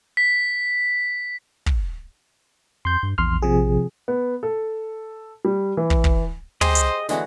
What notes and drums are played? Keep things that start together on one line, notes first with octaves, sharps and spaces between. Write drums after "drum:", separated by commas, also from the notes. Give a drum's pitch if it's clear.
B6
drum: kick
F2 C6 G6
G2
A#1 E2 C6 F6
C3 F3 G#4
B3
A4
G3
E3
drum: kick
drum: kick
G4 G#4 C5 D#5, drum: tom
drum: hi-hat
D3 E3 G#3 F#4, drum: snare